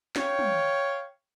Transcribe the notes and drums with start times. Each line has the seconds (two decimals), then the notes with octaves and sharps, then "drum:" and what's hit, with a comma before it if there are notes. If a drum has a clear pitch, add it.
0.16 C#5 F5 G5, drum: snare
0.39 drum: tom